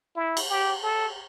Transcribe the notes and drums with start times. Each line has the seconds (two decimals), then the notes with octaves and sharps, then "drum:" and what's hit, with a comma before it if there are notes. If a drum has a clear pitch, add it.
0.16 E4
0.37 drum: cymbal
0.49 G4
0.83 A4